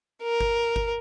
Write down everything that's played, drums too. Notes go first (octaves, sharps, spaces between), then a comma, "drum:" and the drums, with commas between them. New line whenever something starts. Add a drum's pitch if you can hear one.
A#4
drum: kick G1
drum: kick G1